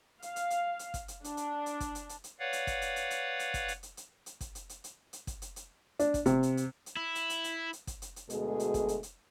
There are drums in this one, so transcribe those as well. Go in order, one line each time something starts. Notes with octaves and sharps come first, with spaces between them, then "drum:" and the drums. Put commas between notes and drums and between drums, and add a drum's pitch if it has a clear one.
F5, drum: hi-hat
drum: hi-hat
drum: hi-hat
drum: hi-hat
drum: kick, hi-hat
drum: hi-hat
D4, drum: hi-hat
drum: hi-hat
drum: hi-hat
drum: kick, hi-hat
drum: hi-hat
drum: hi-hat
drum: hi-hat
B4 C#5 D5 F5 F#5
drum: hi-hat
drum: kick, hi-hat
drum: hi-hat
drum: hi-hat
drum: hi-hat
drum: hi-hat
drum: kick, hi-hat
drum: hi-hat
drum: hi-hat
drum: hi-hat
drum: hi-hat
drum: kick, hi-hat
drum: hi-hat
drum: hi-hat
drum: hi-hat
drum: hi-hat
drum: kick, hi-hat
drum: hi-hat
drum: hi-hat
D4, drum: hi-hat
drum: kick, hi-hat
C3, drum: hi-hat
drum: hi-hat
drum: hi-hat
drum: hi-hat
E4
drum: hi-hat
drum: hi-hat
drum: hi-hat
drum: hi-hat
drum: kick, hi-hat
drum: hi-hat
drum: hi-hat
D2 B2 G#3 G#4 A4, drum: hi-hat
drum: hi-hat
drum: kick, hi-hat
drum: hi-hat
drum: hi-hat